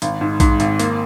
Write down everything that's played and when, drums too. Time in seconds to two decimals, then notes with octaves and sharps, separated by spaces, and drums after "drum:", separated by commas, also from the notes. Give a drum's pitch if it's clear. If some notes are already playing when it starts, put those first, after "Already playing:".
0.02 G#1, drum: hi-hat
0.21 G#2
0.40 G#2, drum: kick A#1, hi-hat
0.60 G#1, drum: hi-hat
0.80 A#3, drum: hi-hat